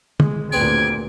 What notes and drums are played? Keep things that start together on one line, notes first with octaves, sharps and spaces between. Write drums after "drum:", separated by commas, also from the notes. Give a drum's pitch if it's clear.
G#3, drum: tom
D2 A#2 B3 C4 G#4 G#6 D7